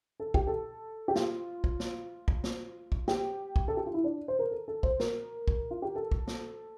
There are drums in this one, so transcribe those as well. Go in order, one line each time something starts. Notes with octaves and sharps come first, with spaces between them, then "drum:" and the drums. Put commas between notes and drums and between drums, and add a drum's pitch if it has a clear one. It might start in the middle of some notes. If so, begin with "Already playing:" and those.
A4
G4, drum: kick
A4
G4
F4, drum: snare
drum: kick
drum: snare
drum: kick
drum: snare
drum: kick
G4, drum: snare
drum: kick
A4
G4
F4
E4
D4
C5
A#4
A4
A4
C5, drum: kick
A#4, drum: snare
drum: kick
F4
G4
A4
drum: kick
drum: snare